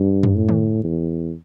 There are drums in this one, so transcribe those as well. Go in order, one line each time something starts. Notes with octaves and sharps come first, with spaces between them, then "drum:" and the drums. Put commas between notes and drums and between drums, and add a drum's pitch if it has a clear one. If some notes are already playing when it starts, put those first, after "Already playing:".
Already playing: G2
drum: tom F#2
A2
drum: tom D3
E2